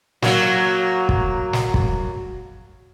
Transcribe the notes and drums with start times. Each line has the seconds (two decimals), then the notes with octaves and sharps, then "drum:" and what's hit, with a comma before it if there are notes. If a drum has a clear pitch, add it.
0.22 F#3 A#3 F#4, drum: snare
1.09 drum: kick
1.53 drum: snare
1.74 drum: kick